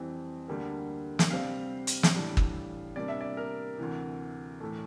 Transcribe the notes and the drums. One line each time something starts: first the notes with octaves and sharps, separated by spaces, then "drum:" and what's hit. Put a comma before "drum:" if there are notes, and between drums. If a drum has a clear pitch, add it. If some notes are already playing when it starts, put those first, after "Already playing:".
Already playing: F2 E3 G3 C4
D2 D3 G3 A#3
drum: snare
C3 G3 C4 F5
drum: hi-hat
drum: snare
A2 E3 G3 D4
drum: kick
C3 G3 A#3 D4 D5
E5
D5
A#4
D2 C3 E3
A2 E3 A3